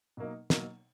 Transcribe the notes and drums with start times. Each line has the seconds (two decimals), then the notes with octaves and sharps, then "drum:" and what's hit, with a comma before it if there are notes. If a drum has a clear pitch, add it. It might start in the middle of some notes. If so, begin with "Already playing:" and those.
0.17 B2 F#3 A#3 D#4
0.50 B2 F#3 A#3 D#4, drum: snare